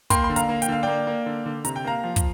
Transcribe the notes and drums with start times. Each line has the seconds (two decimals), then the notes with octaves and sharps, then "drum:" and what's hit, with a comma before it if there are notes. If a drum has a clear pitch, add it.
0.10 A#3 G5 C6, drum: kick, hi-hat
0.24 C6
0.29 D3
0.36 F5 A#5, drum: hi-hat
0.49 A#3
0.62 G5, drum: hi-hat
0.68 D3 F5
0.83 A#3 D5 G5
1.07 A#3
1.26 D3
1.46 D3
1.65 C3 A#5, drum: hi-hat
1.76 G5
1.85 A#3 F5 A#5
2.04 F3
2.16 drum: kick, hi-hat